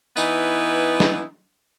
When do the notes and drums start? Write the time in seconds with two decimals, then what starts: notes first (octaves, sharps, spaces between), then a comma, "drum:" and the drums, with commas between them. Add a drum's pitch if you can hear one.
0.17 E3 B3 D#4 E4 B4, drum: tambourine
1.00 drum: snare